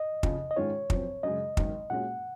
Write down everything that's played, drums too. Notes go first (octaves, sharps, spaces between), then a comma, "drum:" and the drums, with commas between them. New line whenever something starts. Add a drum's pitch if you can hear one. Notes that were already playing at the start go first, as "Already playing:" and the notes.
Already playing: D#5
F2 C#3 F3, drum: kick
D#5
G#2 D#3 G#3 C#4 F4 C#5
F#2 F3 C4, drum: kick
F#2 C#3 G#3 D#5
G#1 F#2 D#3, drum: kick
A#2 G#3 C#4 F#4 F#5